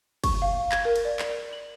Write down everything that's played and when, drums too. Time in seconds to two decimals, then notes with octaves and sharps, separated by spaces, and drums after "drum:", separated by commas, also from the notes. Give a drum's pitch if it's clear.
0.24 C#6, drum: kick, cymbal
0.42 F5
0.72 G#6, drum: clap
0.85 A#4
0.96 drum: cymbal
1.05 D5
1.19 drum: clap
1.53 F#7